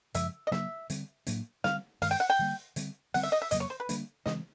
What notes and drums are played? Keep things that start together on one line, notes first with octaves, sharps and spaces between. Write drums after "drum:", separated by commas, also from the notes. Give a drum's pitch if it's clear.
F#2 C#3 F3 G#3 E5, drum: hi-hat
D#5
C#3 F#3 A#3 D4 E5, drum: snare
D3 G3 C4, drum: hi-hat
A2 F#3 A#3 D4, drum: hi-hat
D3 G3 C4 F5, drum: snare
G2 D#3 G#3 F5, drum: open hi-hat
G5
F#5
G5
D3 G3 A#3
D3 G3 C4, drum: hi-hat
D3 G3 C4 F#5, drum: open hi-hat
E5
D#5
E5
F2 C#3 F#3 A#3 D#5, drum: hi-hat
C#5
C5
B4
D3 G3 A#3 D4, drum: hi-hat
C#3 E3 G#3 C4 D#5, drum: snare